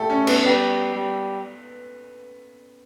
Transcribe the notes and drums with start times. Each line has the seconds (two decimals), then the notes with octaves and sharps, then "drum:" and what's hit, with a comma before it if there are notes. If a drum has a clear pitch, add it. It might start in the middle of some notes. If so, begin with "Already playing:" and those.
Already playing: A3 G4 A4
0.10 C#4
0.27 B3, drum: cymbal
0.43 G3 B3
0.95 G3